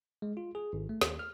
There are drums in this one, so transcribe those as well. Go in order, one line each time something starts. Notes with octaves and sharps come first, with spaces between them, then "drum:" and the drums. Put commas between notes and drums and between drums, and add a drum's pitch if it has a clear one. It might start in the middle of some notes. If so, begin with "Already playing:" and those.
G#3
F4
G#4
G#1
A3
D#2, drum: snare
F6